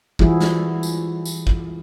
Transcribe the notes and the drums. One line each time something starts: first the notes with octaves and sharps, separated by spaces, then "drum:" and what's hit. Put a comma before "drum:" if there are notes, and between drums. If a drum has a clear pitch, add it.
E3 F3 G3 E4 F#4 G#4, drum: kick
drum: snare
drum: tambourine
drum: tambourine
drum: kick